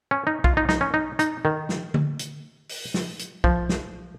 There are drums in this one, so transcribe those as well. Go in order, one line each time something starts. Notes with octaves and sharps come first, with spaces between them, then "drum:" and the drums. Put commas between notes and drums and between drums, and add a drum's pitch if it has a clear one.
C#4
D#4
F4, drum: kick B1
D#4
D#4, drum: snare
C#4
D#4
D#4, drum: hi-hat
D#3
drum: snare
drum: tom D3
drum: hi-hat
drum: open hi-hat
drum: snare
drum: hi-hat
F3, drum: kick B1
drum: snare